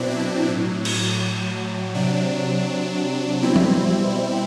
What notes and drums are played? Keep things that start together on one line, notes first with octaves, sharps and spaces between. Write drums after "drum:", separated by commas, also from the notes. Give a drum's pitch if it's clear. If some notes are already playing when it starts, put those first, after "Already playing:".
Already playing: B2 F#3 C4 D4 E4
C4 E4
A2 F#3
drum: cymbal
C3 F#3 D4
B2 G3 C4 E4
drum: tom F3